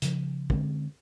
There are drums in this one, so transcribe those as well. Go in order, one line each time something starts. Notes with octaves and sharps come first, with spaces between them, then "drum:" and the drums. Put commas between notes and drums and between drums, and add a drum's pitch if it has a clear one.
C#3 F3, drum: hi-hat
D3 G#3 C4 C#4, drum: kick